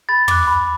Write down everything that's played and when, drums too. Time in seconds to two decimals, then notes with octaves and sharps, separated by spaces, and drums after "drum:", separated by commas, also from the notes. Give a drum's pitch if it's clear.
0.09 B5 A6
0.28 D6 F#6, drum: tom
0.47 B5